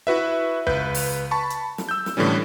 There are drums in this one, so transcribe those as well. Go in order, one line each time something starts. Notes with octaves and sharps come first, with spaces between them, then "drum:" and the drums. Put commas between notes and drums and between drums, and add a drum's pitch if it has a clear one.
E4 F#4 B4 E5
C#2 B4 G6, drum: kick
drum: open hi-hat
A5 B5 C#6
drum: hi-hat
drum: snare
E6 G6
drum: snare
A2 D3 E3 G3 C#4